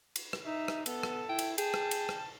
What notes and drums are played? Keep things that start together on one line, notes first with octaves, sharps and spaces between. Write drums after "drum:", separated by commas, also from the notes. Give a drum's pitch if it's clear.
drum: cymbal
drum: rim click
D#4 E5
drum: rim click
B3 A4, drum: cymbal
drum: rim click
E4 G5
drum: cymbal
G#4 G5 A5, drum: cymbal
drum: rim click
drum: cymbal
drum: rim click